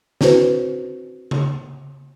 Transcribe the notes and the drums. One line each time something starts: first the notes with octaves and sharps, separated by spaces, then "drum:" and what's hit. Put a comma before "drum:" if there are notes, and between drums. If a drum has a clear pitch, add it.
C4 D4 E4 F#4 B4 C5, drum: snare
drum: tom C#3